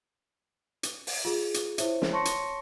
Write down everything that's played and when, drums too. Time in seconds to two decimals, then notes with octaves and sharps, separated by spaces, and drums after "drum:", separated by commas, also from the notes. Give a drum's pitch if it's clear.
0.83 drum: hi-hat
1.07 drum: open hi-hat
1.25 F4 G#4
1.54 drum: hi-hat
1.78 E4 C5 C#5 E5, drum: hi-hat
2.02 drum: snare
2.12 C#5 A5 C6 C#6 A#6 C#7
2.25 drum: hi-hat